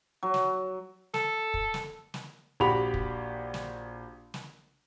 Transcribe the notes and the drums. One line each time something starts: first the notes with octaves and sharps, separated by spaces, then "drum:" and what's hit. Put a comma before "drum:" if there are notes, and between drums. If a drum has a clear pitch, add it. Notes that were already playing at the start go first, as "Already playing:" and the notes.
F#3
drum: snare
A4, drum: snare
drum: kick
drum: snare
drum: snare
A#1 F#4 G4 B5 F7
drum: kick
drum: snare
drum: snare